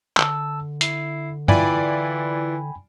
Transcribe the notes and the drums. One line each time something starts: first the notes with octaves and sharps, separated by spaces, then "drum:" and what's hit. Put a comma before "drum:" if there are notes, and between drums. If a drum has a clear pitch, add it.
D3 A5 E6, drum: clap
E4 C7, drum: hi-hat
E3 E4 F4 D5 G5 G#5 B5, drum: tom